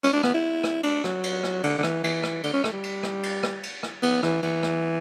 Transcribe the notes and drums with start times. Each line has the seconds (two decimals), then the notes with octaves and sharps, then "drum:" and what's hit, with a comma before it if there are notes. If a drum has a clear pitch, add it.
0.04 C#4, drum: cymbal
0.13 D4
0.23 B3, drum: rim click
0.34 E4
0.64 drum: rim click
0.83 D4, drum: cymbal
1.04 F#3, drum: rim click
1.23 drum: cymbal
1.43 drum: rim click
1.63 D3, drum: cymbal
1.78 D3
1.83 E3, drum: rim click
2.04 E3, drum: cymbal
2.23 drum: rim click
2.43 D3, drum: cymbal
2.53 C#4
2.64 A3, drum: rim click
2.73 G3
2.83 drum: cymbal
3.03 drum: rim click
3.23 drum: cymbal
3.43 drum: rim click
3.63 drum: cymbal
3.83 drum: rim click
4.03 B3, drum: cymbal
4.23 E3, drum: rim click
4.43 E3, drum: cymbal
4.63 drum: rim click